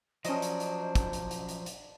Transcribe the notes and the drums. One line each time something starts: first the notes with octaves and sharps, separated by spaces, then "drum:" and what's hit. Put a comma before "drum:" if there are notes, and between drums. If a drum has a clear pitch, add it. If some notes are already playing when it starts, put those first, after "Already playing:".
F3 F#3 C#4 D4 C5 D#5, drum: hi-hat
drum: hi-hat
drum: hi-hat
drum: kick, hi-hat
drum: hi-hat
drum: hi-hat
drum: hi-hat
drum: hi-hat